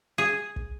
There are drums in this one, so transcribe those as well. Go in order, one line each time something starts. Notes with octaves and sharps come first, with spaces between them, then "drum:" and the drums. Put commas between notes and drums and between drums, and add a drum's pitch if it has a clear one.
G#4
drum: kick